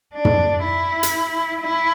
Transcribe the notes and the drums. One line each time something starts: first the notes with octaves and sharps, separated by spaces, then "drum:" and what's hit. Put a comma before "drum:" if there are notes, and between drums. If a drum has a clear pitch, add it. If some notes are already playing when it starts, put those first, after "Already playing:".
D4
drum: tom
E4
drum: hi-hat
E4